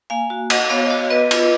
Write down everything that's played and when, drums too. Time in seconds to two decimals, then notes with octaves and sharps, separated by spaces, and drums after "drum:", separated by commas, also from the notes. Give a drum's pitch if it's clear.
0.10 A#3 F5 G#5
0.30 F#4
0.50 F#4 D#5 F#5, drum: cymbal
0.70 B3 C#5 F5
0.86 D#5
0.90 F#4 C#5 F5
1.10 B3 B4 D#5
1.31 F4, drum: cymbal